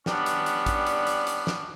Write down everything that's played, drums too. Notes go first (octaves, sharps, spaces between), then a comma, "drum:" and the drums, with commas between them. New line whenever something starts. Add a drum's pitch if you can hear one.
G3 B3 C#4 D4, drum: snare
drum: hi-hat
drum: hi-hat
drum: kick, hi-hat
drum: hi-hat
drum: hi-hat
drum: hi-hat
drum: snare